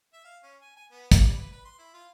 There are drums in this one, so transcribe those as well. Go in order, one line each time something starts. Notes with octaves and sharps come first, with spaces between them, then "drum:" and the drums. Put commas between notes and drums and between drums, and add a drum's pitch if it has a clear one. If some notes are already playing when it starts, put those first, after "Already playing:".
E5
F5
C#4
G#5
G#5
B3
G3, drum: kick, hi-hat
B4
B4
C6
E4
F4